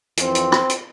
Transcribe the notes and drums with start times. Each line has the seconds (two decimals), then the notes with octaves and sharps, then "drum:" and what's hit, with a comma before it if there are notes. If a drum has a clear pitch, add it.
0.17 F2 E3 C4, drum: hi-hat
0.35 drum: hi-hat
0.52 drum: rim click
0.69 drum: hi-hat